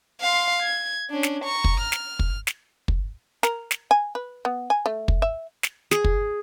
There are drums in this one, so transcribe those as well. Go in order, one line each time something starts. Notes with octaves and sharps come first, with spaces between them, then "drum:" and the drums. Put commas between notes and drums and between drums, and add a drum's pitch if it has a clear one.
F5 C6
G#6
C#4 D4
drum: snare
A#5 C#6
drum: kick
F6
drum: snare
drum: kick
drum: snare
drum: kick
A#4, drum: snare
drum: snare
G#5
B4
B3
G#5
A3
drum: kick
E5
drum: snare
G#4, drum: snare
drum: kick